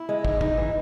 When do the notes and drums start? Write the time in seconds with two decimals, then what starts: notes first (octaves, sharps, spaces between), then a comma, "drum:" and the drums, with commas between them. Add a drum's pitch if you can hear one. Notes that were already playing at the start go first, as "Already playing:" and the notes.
Already playing: E4
0.09 G#3
0.25 D#4, drum: kick
0.41 D#4, drum: kick
0.57 E3